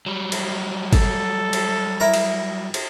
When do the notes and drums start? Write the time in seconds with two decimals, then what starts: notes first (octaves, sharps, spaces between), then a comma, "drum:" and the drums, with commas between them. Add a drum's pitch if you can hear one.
0.06 F#3 G3
0.32 drum: cymbal
0.93 A4, drum: kick G1, cymbal
1.53 drum: cymbal
2.00 E4 A#4 A#5
2.14 drum: cymbal
2.74 drum: cymbal